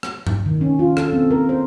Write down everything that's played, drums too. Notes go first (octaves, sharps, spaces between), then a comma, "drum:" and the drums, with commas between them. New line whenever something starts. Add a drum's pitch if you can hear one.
drum: rim click
drum: tom G2
D#3
C#4
F4
A4, drum: rim click
C4
A#4
C5